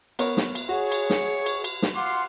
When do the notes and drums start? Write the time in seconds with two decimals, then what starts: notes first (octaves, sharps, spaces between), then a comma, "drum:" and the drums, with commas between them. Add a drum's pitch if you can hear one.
0.19 B3 A#4 C#5, drum: cymbal
0.37 drum: snare
0.55 drum: cymbal
0.69 F#4 G#4 C#5
0.92 drum: cymbal
1.10 drum: snare
1.46 drum: cymbal
1.64 drum: cymbal
1.82 drum: snare
1.95 F4 F#5 C6 D6